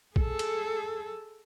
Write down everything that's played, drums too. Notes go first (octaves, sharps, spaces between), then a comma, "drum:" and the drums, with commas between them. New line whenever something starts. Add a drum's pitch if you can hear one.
G#4 A4, drum: kick
drum: cymbal